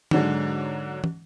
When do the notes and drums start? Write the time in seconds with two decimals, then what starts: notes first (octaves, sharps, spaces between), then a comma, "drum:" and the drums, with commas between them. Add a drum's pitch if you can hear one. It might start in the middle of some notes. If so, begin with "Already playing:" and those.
0.11 G#2 D3 F#3 G#3, drum: tom
1.04 drum: tom